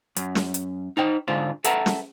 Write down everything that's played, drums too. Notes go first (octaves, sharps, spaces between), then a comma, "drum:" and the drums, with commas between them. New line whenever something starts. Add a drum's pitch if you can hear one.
F#2, drum: hi-hat
drum: snare
drum: hi-hat
D#4 C5 G5
G#2 D3 F4 C5
A4 B4 E5 F#5 A5 A#5, drum: hi-hat
drum: snare